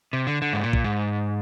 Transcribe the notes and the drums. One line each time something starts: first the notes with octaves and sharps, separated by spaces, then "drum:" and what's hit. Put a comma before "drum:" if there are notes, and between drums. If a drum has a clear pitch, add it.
C3
D3
D3
G#2
A#2
drum: kick A#1
G#2